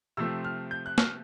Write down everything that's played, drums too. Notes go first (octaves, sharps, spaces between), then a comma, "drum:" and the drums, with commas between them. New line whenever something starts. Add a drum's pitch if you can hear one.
C3 F3 A3 C4 E6
F6
G6
F#6
F6, drum: snare